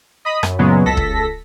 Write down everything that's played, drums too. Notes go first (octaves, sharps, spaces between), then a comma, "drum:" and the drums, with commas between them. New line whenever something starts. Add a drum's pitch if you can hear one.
D#5 B5 D#6
F#2, drum: rim click
F#2 A#2 C#3 F#3 G#3 B3
C#2 A4 A#6 B6
drum: kick